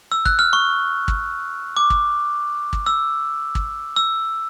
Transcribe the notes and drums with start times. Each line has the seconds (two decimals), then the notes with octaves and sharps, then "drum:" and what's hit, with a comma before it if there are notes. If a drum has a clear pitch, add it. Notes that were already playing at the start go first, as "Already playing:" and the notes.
0.12 E6
0.25 F#6, drum: kick
0.39 F6
0.53 C#6
1.08 drum: kick
1.77 D6
1.90 drum: kick
2.73 drum: kick
2.86 E6
3.55 drum: kick
3.96 E6